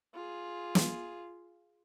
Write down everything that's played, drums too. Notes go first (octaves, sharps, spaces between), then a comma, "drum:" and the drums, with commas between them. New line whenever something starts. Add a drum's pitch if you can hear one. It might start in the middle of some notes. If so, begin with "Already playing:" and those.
F4 G#4
drum: snare